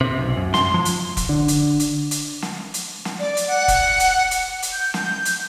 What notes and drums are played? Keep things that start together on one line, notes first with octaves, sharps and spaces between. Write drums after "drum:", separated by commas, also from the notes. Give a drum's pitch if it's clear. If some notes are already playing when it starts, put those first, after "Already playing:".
C3
B1
F#2
C6, drum: snare
F3
drum: hi-hat
drum: kick E1, hi-hat
D3
drum: hi-hat
drum: hi-hat
drum: hi-hat
drum: snare
drum: hi-hat
drum: snare
D5
drum: hi-hat
F#5
drum: kick E1, hi-hat
drum: hi-hat
drum: hi-hat
drum: hi-hat
G6
drum: snare
drum: hi-hat